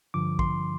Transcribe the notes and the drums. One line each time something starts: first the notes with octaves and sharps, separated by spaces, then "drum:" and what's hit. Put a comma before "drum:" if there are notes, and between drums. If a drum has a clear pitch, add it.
G2 D3 F3 D6
C6, drum: kick A1